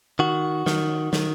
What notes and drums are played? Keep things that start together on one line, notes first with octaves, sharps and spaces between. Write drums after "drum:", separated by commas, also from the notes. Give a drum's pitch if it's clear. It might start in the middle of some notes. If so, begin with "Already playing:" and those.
D#3 F#4
D#3, drum: snare
D#3, drum: snare